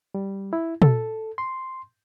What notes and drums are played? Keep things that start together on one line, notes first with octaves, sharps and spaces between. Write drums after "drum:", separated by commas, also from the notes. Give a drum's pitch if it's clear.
G3
E4
A4, drum: tom
C6